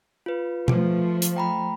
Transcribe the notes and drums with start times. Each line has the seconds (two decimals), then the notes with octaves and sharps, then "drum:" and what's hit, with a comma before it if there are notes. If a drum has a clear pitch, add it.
0.26 F4 B4
0.68 F3 A3, drum: tom B2
1.22 drum: hi-hat
1.36 G5 A#5 B5